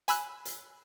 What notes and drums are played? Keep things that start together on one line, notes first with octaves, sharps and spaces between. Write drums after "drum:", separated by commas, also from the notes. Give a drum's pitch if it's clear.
G#5 B5 E6 F#6, drum: hi-hat
drum: hi-hat